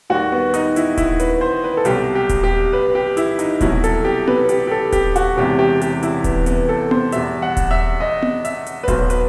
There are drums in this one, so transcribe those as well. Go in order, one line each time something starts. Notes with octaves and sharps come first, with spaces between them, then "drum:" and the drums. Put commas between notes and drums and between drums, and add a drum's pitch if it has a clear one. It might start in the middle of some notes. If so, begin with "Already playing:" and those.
D#2 D#3 G3 F#4
B3
D#4, drum: hi-hat
E4, drum: hi-hat
E4, drum: kick D#1, hi-hat
B4, drum: hi-hat
C5
B4
A4
C2 B2 F#3 G4, drum: hi-hat
G4
drum: kick D#1, hi-hat
G4
B4
G4
E4, drum: hi-hat
D#4, drum: hi-hat
C2 B2 F#3 E4, drum: kick D#1, hi-hat
A4, drum: hi-hat
G4
B4, drum: tom B3
G4, drum: hi-hat
G4
A4
G4, drum: kick D#1, hi-hat
F#4, drum: hi-hat
E1 E2 C3 E3 G4
G4
G4, drum: hi-hat
E4, drum: hi-hat
B3, drum: kick D#1, hi-hat
B3, drum: hi-hat
A4
C5, drum: tom B3
E2 B2 G3 E5, drum: hi-hat
F#5
drum: kick D#1, hi-hat
E5
D#5
drum: tom B3
E5, drum: hi-hat
drum: hi-hat
B4
B1 B2 F#3 C5, drum: kick D#1, hi-hat
B4, drum: hi-hat